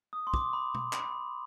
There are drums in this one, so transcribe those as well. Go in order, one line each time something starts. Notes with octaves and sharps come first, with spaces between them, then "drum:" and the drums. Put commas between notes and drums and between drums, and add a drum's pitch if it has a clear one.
D#6
C6
D6, drum: kick
B5
drum: tom
B5, drum: clap